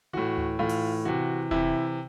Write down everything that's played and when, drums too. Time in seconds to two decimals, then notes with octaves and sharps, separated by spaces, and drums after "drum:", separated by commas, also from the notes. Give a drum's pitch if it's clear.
0.13 A2 E3 F#4
0.38 drum: tom D2
0.59 A2 E3 F4
0.69 drum: open hi-hat
1.05 C3 E3 F#4
1.51 C3 E3 E4, drum: kick E1